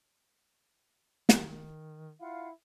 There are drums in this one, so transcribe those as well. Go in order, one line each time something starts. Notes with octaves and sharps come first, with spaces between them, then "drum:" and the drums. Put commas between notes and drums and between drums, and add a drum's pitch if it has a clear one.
D#3, drum: snare
E4 F4 F5 F#5